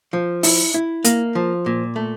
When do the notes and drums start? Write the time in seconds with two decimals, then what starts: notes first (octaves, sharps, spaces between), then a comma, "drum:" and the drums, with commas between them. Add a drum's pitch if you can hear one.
0.13 F3
0.43 E4, drum: open hi-hat
0.74 E4
1.04 A#3, drum: hi-hat
1.35 F3
1.66 A#2
1.96 A3